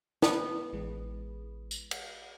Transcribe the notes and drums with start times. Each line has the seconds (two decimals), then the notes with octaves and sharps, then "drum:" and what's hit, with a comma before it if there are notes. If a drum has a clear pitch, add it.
0.22 B3, drum: snare
0.73 A1 E3 G#3
1.71 drum: tambourine
1.91 F#5, drum: cymbal